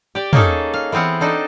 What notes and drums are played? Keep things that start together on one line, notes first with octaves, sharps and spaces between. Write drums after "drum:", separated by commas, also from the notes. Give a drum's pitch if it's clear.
G4 D5
A#3 C#4 D#4 G#4 A4, drum: tom
F5
E3 B3 C4 F5 F#5
D4 D#4 A4 C5